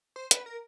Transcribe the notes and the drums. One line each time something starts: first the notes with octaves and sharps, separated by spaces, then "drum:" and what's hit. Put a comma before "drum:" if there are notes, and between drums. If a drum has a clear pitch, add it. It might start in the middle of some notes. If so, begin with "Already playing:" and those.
C5
B4, drum: hi-hat
A#4